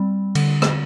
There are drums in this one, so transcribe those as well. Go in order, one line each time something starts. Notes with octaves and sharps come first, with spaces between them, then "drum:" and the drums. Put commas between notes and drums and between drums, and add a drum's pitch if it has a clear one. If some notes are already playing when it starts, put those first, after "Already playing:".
Already playing: G3 C4
D3, drum: cymbal
drum: rim click